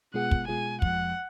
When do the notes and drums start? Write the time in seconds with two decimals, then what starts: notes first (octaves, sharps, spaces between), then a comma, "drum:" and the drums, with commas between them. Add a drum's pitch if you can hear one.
0.14 B2 G#3 B3 F4 G#4 F#5
0.31 drum: kick
0.48 B2 G#3 B3 F4 G#4 G#5
0.82 F2 F3 G#3 F#5, drum: kick